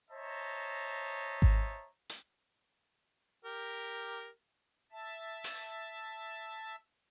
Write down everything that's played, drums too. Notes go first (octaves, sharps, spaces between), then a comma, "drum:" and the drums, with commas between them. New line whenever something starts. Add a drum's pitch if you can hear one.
C5 C#5 D#5 E5 A5 A#5
drum: kick G#1
drum: hi-hat
G4 A#4
E5 A5
drum: open hi-hat